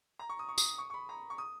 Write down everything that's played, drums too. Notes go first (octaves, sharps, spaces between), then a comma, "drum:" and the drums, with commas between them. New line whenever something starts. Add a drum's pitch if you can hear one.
A#5
C#6
D#6
C#6
D#6, drum: tambourine
C#6
C#6
B5
A#5
C#6
D#6